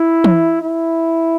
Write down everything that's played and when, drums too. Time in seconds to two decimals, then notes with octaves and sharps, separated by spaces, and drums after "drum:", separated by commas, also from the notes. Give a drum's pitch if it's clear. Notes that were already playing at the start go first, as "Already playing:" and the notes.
Already playing: E4
0.24 drum: tom E3
0.62 E4